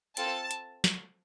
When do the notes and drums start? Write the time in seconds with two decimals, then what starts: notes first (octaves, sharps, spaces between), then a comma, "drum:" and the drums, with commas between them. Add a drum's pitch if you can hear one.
0.17 C4 F4 A4 A5, drum: hi-hat
0.51 drum: hi-hat
0.84 drum: snare